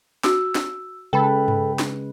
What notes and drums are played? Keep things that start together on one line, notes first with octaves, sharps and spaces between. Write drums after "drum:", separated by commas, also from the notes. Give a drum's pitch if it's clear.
F#4 E6, drum: snare
drum: snare
C#3 G#3 A4 B4 G5 B5
drum: tom G2
drum: snare